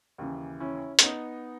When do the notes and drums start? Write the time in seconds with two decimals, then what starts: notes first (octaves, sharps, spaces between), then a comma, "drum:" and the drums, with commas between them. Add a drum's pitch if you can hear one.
0.18 D#2 C#3 E3
0.60 C#4 E4
0.99 C#4, drum: hi-hat
1.03 B3 D#4